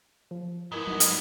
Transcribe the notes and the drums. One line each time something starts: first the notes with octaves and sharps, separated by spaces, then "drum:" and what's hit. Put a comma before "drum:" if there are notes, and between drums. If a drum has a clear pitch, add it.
F3
G#2 B3 E4 A#4 D#5 D#6 G#6 E7
F#3 G3 D#4
drum: hi-hat